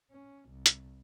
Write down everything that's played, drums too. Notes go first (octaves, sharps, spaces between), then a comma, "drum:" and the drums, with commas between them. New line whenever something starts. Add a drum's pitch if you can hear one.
C#4
C2
drum: hi-hat